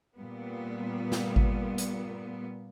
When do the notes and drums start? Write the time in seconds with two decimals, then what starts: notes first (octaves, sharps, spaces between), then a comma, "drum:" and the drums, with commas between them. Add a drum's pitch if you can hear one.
0.17 A#2 G3 A#3 B3
1.12 drum: snare
1.36 drum: kick G#1
1.78 drum: hi-hat